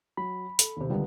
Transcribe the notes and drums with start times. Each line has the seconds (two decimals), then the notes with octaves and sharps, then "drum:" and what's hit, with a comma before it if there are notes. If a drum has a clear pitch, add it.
0.17 F#3 B5
0.59 A4, drum: hi-hat
0.76 D#2 C3
0.90 C#2 D3 D#3 G3 B3